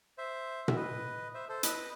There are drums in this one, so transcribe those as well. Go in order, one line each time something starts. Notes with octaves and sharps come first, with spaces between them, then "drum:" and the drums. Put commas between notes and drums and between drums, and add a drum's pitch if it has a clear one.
C5 E5
E5, drum: tom A#2
B4 D#5
C5 E5
A4 C5
B4 D#5, drum: hi-hat